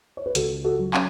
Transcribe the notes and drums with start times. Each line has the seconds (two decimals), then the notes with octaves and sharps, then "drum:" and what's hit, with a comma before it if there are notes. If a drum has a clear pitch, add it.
0.17 C#5
0.26 B4
0.35 C#2 F#4 A4, drum: hi-hat
0.64 F#4 A4
0.79 F#3
0.94 C#4, drum: clap